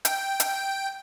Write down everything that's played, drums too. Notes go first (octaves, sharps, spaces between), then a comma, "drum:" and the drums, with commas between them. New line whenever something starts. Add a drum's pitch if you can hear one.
G5, drum: hi-hat
drum: hi-hat